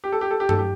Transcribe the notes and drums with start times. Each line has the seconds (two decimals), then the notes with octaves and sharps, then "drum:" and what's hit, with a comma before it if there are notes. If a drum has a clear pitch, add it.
0.04 G4
0.12 A4
0.21 G4
0.31 A4
0.40 G4
0.49 A4, drum: tom G2
0.58 G4